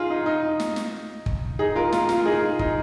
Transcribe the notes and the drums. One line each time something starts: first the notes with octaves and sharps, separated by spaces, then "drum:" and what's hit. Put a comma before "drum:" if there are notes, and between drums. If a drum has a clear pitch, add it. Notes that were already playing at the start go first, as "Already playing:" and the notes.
Already playing: D#4 F4 G#4
D#4
D#4
drum: snare
drum: snare
drum: kick
D#4 G#4
F4 A#4
F4, drum: snare
F4, drum: snare
D#4 G#4
D#4, drum: kick